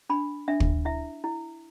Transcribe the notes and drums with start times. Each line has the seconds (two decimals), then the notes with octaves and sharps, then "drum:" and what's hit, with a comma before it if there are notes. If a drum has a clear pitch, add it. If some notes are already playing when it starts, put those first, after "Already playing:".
0.09 D4 B5
0.48 D4 E5
0.60 drum: kick
0.85 E4 E5
1.24 E4